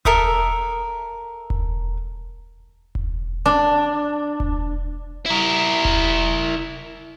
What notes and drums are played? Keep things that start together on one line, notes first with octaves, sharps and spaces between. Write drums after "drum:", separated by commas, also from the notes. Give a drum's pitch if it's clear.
A4 A#4 E5 D#6, drum: kick E1
drum: kick E1
drum: kick E1
D4
drum: kick E1
E4 A#4
drum: kick E1